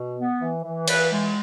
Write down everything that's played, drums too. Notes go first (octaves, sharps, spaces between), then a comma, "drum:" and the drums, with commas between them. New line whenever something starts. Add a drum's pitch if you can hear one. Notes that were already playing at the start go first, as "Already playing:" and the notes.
Already playing: B2
B3
E3
E3
E3 B4, drum: cymbal
G#3